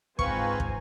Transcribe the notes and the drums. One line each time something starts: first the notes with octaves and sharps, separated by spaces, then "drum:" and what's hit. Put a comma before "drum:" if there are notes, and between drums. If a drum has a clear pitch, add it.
G#2 C4 F4 B4 C5 G#5 A#5 C#6, drum: kick
drum: kick